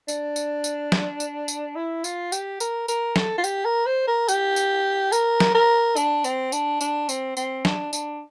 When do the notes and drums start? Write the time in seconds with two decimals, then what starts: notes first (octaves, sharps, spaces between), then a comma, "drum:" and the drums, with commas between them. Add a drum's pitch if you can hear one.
0.08 D4, drum: tambourine
0.36 drum: tambourine
0.64 drum: tambourine
0.92 drum: snare
1.20 drum: tambourine
1.48 drum: tambourine
1.76 E4
2.04 F4, drum: tambourine
2.32 G4, drum: tambourine
2.60 A#4, drum: tambourine
2.88 A#4, drum: tambourine
3.16 A4, drum: snare
3.38 F4
3.44 G4, drum: tambourine
3.65 A#4
3.86 C5
4.07 A#4
4.29 G4, drum: tambourine
4.56 drum: tambourine
5.12 A#4, drum: tambourine
5.40 drum: snare
5.54 A#4
5.96 D4, drum: tambourine
6.24 C4, drum: tambourine
6.52 D4, drum: tambourine
6.81 D4, drum: tambourine
7.09 C4, drum: tambourine
7.37 C4, drum: tambourine
7.65 D4, drum: snare
7.93 D4, drum: tambourine